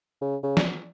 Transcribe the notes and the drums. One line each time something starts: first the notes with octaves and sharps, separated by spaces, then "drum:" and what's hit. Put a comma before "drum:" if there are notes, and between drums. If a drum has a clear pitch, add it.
C#3
C#3
drum: snare